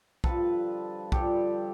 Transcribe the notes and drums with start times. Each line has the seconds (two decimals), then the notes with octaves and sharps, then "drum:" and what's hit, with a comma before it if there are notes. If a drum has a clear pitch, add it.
0.24 G2 D3 F3 A4 B4, drum: kick B1
1.12 G2 D3 F3 G4 A4, drum: kick B1